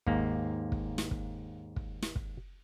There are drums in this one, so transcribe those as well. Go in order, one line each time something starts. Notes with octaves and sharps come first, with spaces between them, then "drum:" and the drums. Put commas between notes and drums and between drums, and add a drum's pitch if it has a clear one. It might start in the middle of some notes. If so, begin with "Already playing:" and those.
D#2 G#2 A#3, drum: kick
drum: kick
drum: snare
drum: kick
drum: kick
drum: snare
drum: kick